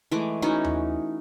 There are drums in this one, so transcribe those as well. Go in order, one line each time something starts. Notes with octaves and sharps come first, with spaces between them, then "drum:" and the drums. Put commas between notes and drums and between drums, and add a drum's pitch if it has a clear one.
E3 G#3 A3 D6
E3 C#4 D#4 F#4
drum: tom D#2